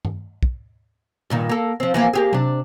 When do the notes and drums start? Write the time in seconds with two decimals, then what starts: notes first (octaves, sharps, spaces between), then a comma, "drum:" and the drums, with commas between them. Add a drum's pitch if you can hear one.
0.05 drum: tom G2
0.43 drum: kick
1.30 G2 A#2 D#3
1.49 A#3 A4
1.80 F3 C4
1.94 E3 F3 A#3
2.13 A#3 G4 G#4
2.33 C3 D4, drum: tom F#3